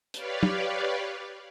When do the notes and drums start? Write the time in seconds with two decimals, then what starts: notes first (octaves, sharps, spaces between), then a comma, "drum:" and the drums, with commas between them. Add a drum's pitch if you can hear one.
0.14 G4 B4 C#5 D5 F5, drum: hi-hat
0.43 drum: tom